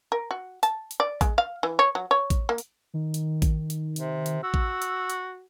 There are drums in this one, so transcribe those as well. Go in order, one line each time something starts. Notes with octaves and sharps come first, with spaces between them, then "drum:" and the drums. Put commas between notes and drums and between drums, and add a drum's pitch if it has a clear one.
A#4
F#4
A5, drum: hi-hat
drum: hi-hat
D5
G#3, drum: kick A1, hi-hat
F5
E3
C#5
F#3
C#5
drum: kick A1, hi-hat
A#3
drum: hi-hat
D#3
drum: hi-hat
drum: kick A1, hi-hat
drum: hi-hat
C3, drum: hi-hat
drum: hi-hat
F#4 E6
drum: kick A1
drum: hi-hat
drum: hi-hat